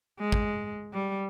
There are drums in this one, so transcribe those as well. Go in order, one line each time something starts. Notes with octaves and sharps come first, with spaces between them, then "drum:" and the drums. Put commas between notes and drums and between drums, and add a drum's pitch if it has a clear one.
G#3
drum: kick
G3